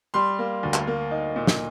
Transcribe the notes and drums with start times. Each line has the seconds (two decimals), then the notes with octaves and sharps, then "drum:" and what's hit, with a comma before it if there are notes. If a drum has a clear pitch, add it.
0.14 G3 C6
0.39 A#3
0.63 D2
0.74 drum: clap
0.87 A#3
1.11 D#4
1.36 A#2
1.47 drum: snare